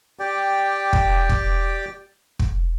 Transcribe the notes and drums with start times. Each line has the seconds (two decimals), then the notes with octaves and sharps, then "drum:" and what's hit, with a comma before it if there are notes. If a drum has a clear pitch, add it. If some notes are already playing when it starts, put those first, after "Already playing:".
0.19 G4 D5 G5
0.93 drum: kick
1.29 drum: kick
2.39 drum: kick